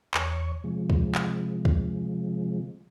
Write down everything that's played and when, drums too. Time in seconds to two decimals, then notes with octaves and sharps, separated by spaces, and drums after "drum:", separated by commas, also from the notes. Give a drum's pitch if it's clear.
0.14 E2 C#5 C#6, drum: clap
0.64 C3 F3 G#3
0.90 drum: kick
1.15 drum: clap
1.65 drum: kick